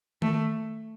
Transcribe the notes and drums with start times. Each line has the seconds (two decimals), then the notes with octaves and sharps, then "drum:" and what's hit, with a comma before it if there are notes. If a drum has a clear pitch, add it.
0.22 A3, drum: tom D#3